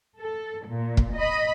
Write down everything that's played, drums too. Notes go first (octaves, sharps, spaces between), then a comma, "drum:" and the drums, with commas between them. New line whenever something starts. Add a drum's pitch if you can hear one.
A4
A#2
drum: kick
D#5 B5